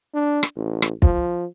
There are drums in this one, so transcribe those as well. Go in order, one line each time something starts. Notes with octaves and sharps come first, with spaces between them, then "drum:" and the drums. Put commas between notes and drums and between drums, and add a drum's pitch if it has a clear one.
D4
drum: rim click
A1
drum: rim click
F3, drum: kick